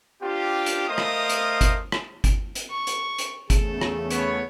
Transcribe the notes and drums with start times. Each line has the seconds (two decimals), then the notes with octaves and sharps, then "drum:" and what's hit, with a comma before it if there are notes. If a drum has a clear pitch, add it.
0.22 C4 D4 F4 G4
0.66 drum: hi-hat
0.88 A3 A#4 C5 D#5 F5 D#6
0.98 drum: rim click
1.29 drum: hi-hat
1.61 drum: kick G1, hi-hat
1.92 drum: rim click
2.24 drum: kick G1, hi-hat
2.55 drum: hi-hat
2.70 C#6
2.87 drum: hi-hat
3.18 drum: hi-hat
3.50 E2 C#3 A3 G#4 A4, drum: kick G1, hi-hat
3.81 drum: rim click
4.11 B3 C#5, drum: hi-hat